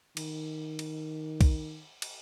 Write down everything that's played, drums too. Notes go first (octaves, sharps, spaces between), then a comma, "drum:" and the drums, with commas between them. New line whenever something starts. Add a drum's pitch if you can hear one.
D#3, drum: cymbal
drum: cymbal
drum: kick B1, cymbal
drum: cymbal